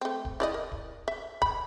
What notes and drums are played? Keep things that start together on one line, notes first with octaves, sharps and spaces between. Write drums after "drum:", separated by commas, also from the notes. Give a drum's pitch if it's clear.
A3 C4
drum: kick D1
E4 D5 D#5
A#4
drum: kick D1
E5
B5, drum: kick D1